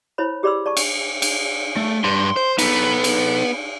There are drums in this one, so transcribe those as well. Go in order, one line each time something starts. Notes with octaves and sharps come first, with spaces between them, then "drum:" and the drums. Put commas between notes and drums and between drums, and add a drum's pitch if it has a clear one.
E4 C5 C#5 B5
G4 G#4 D5 B5 C6 E6
D5 A5 C#6
drum: cymbal
drum: cymbal
A3
G2 C6
C5
B3 D#4 A4, drum: cymbal
drum: cymbal